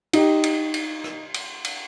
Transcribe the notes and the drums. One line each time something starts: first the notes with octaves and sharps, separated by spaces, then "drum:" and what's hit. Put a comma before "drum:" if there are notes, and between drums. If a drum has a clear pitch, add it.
D#4 G4, drum: cymbal
drum: cymbal
drum: cymbal
drum: rim click
drum: cymbal
drum: cymbal